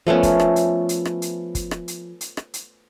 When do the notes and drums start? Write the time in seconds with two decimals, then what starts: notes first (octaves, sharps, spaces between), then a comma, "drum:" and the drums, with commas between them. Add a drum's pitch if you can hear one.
0.07 F3 A3 B3 C#4
0.23 drum: kick, hi-hat
0.40 drum: rim click
0.56 drum: hi-hat
0.89 drum: hi-hat
1.05 drum: rim click
1.22 drum: hi-hat
1.55 drum: kick, hi-hat
1.71 drum: rim click
1.88 drum: hi-hat
2.21 drum: hi-hat
2.37 drum: rim click
2.54 drum: hi-hat